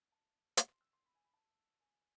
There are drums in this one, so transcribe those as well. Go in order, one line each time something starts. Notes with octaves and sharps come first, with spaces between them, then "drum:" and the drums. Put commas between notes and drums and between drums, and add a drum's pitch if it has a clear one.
A5
drum: hi-hat
C6
E6
C6
B5
G#5
B5
A5
G#5